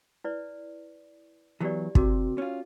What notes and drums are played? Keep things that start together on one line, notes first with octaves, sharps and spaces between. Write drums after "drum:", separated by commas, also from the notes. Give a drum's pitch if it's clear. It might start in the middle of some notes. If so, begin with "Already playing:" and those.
E4 B4 D5
E3 F#3 B3 E4 G4 D5
C3 F#4 A#4 D6, drum: kick
C#4 F4